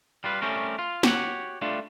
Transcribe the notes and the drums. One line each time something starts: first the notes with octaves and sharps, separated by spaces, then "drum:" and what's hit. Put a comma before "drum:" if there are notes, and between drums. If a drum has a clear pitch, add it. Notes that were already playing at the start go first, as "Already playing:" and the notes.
G3 F4 B4
G3 A3 C4 C#4 A#4
F4
E4 F#4 G4 B4 C#5 F#5, drum: snare
G3 A3 D4 F4